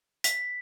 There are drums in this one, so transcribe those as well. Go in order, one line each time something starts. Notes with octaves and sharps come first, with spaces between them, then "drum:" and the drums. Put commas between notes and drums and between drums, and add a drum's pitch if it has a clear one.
B6, drum: hi-hat